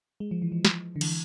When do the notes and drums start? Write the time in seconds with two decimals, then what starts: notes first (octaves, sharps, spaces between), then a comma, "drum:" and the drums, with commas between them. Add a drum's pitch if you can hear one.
0.20 G#3
0.31 F3
0.42 E3
0.52 F3
0.65 drum: snare
0.96 D3
1.01 E3, drum: cymbal